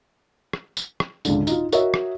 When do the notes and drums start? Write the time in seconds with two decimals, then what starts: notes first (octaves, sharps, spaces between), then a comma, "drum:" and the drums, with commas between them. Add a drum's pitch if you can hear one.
0.53 drum: rim click
0.77 drum: tambourine
1.00 drum: rim click
1.25 C#2 G#2 D3, drum: tambourine
1.47 D#4 F4, drum: tambourine
1.72 F#4 A#4 C#5 D#5 E5, drum: tambourine
1.94 drum: rim click